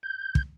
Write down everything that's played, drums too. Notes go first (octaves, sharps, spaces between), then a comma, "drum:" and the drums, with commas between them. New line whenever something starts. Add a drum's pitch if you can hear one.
G6
drum: kick